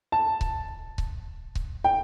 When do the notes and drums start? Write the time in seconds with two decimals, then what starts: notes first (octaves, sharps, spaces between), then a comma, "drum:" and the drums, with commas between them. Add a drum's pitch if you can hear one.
0.12 A5
0.41 drum: kick C#1
0.98 drum: kick C#1
1.55 drum: kick C#1
1.84 G5